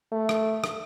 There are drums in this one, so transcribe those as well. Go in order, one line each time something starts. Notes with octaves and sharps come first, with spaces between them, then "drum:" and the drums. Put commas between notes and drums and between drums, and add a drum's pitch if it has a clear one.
A3
drum: rim click
drum: rim click